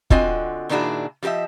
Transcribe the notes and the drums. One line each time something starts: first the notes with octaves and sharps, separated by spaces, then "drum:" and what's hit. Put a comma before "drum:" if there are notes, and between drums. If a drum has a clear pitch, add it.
D3 C4 F4 F#4 D#5 G#5, drum: kick
A#2 D#3 D4 E4 F#4 G#4
F3 G4 A#4 D#5 E5